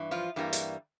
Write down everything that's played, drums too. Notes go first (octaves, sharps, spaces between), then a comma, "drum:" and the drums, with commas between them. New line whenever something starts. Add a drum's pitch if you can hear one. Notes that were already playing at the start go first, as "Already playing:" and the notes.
Already playing: G2 E3
F3 F4
G2 E3 G3 A#3
drum: hi-hat